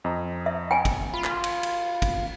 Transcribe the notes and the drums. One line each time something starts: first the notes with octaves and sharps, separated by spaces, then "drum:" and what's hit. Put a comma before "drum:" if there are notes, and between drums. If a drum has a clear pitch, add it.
F2 D#5 A#5
E5
G5 G#5
drum: kick, cymbal
F4 B5
drum: clap
drum: cymbal
drum: cymbal
drum: kick, cymbal